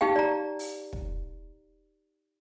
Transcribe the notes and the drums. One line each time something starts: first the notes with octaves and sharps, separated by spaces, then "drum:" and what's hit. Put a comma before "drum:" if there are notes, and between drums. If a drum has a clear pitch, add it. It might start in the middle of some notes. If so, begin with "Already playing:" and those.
D#4 G4 F5 G5
D5 A#5
drum: open hi-hat
drum: kick